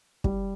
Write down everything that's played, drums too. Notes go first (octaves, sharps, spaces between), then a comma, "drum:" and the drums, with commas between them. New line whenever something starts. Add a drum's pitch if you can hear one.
G3, drum: kick